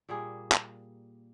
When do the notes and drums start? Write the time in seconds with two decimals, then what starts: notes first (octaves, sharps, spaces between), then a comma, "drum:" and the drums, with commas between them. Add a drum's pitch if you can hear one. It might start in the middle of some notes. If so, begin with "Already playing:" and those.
0.09 A#2 G3 A#3 G#4
0.52 drum: clap